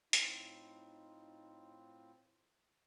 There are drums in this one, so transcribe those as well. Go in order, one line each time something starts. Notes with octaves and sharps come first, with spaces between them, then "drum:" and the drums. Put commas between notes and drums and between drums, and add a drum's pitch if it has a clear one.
A2 C4 D#4 F4, drum: hi-hat